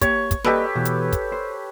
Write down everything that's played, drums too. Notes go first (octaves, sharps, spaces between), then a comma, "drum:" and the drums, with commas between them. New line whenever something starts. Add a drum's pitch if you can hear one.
A#3 G4 C#5, drum: kick, hi-hat
drum: kick, hi-hat
A#3 G4 A4 B4 D5 D#5, drum: snare
B2 E3
drum: hi-hat
drum: kick, hi-hat
C5